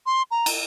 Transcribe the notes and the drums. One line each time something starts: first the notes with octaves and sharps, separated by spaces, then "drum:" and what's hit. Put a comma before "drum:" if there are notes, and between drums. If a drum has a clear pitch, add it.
C6
A#5
drum: cymbal